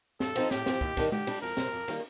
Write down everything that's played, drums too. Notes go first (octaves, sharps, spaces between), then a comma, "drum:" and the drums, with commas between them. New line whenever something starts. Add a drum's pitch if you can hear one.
G2 A4, drum: snare
F3 C4 D#4, drum: cymbal
A2 G4, drum: snare
F3 C4, drum: snare
D#2, drum: kick
D#3 G3 D4, drum: kick, cymbal
D3 G4, drum: tom G#3
G3 D4, drum: cymbal
F2 A#4
C3 G3 C4, drum: snare
F2
D#3 G3 A#3, drum: cymbal